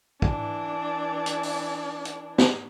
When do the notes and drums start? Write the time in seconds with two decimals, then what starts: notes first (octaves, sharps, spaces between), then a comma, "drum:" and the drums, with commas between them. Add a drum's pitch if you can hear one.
0.22 E3 D4, drum: kick
1.26 drum: hi-hat
1.43 drum: open hi-hat
2.05 drum: hi-hat
2.38 drum: snare